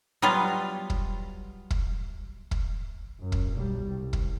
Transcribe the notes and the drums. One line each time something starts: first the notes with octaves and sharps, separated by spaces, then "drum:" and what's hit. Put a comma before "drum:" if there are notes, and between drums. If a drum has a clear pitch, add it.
F#3 G3 B3 F4
drum: kick
drum: kick
drum: kick
F#2
drum: kick
B1 G3
C2
drum: kick